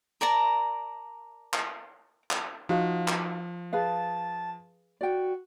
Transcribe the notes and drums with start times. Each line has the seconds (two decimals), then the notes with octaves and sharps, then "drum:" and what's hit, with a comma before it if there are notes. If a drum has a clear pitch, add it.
0.21 A#4 D5 A5 A#5
1.53 drum: clap
2.31 drum: clap
2.69 F3 D#4 F#4 F5
3.08 drum: clap
3.73 G#4 B4 F5 A5
5.01 F#4 D5 G5